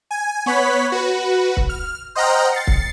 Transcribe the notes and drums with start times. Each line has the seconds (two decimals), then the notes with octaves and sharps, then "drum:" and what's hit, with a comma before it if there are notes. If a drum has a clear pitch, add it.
0.11 G#5
0.46 B3 C#5 B5 F#6 B6
0.92 F#4 B4
1.57 drum: kick C#1
1.69 F6
2.15 C5 D#5 F#5 G5 A#5 F6
2.52 A6 C7 C#7
2.67 drum: kick C#1